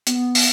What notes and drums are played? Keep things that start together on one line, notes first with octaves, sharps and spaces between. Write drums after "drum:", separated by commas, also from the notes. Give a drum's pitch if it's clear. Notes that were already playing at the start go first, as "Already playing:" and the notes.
B3, drum: hi-hat
drum: open hi-hat